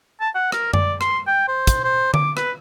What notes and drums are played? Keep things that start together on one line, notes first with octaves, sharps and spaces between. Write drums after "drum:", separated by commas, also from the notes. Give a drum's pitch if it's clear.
A5
F#5
A#4, drum: rim click
D5, drum: tom F#2
C6, drum: rim click
G5
C5
drum: kick, hi-hat
C5
D6, drum: tom D3
B4, drum: rim click